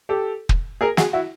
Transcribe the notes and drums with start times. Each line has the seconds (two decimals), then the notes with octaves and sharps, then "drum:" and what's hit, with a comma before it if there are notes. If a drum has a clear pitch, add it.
0.09 G4 A4
0.49 drum: kick
0.81 G#4 A#4
0.97 F#4 G#4, drum: snare
1.13 E4 F#4